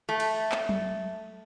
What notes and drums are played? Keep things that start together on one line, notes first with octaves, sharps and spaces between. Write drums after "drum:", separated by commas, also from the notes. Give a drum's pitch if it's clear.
A3
drum: cymbal
drum: clap
drum: tom F#3